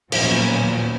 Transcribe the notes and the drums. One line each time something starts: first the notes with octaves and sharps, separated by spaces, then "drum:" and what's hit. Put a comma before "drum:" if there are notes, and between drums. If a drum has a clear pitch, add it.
D#2 A#2 F3 F#3 B3 C#4, drum: cymbal